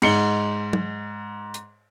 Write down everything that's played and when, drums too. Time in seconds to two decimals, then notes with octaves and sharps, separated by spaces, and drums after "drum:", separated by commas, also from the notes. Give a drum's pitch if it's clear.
0.02 G#2 C#7 G7, drum: cymbal
0.73 drum: tom
1.54 drum: hi-hat